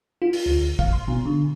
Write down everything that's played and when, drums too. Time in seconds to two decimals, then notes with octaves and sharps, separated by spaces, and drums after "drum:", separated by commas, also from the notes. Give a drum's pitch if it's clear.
0.22 F4
0.33 drum: open hi-hat
0.46 D2
0.79 F5, drum: kick
0.93 C6
1.08 B2
1.25 D3